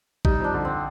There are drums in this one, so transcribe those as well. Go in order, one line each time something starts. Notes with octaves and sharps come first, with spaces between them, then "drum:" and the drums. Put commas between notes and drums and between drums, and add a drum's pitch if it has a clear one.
G3 D#4, drum: kick A#1
F2 D4
D3
C4